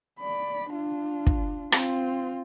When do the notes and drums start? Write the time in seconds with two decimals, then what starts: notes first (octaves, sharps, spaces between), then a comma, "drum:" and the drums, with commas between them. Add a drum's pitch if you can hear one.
0.20 D5 B5
0.71 D4 F4
1.27 drum: kick
1.72 C4 F4, drum: rim click